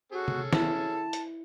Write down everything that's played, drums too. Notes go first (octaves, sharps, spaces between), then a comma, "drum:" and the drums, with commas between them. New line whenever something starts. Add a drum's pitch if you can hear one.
C#4 F#4 G#4 A4
drum: tom C3
E4 A5, drum: snare
drum: hi-hat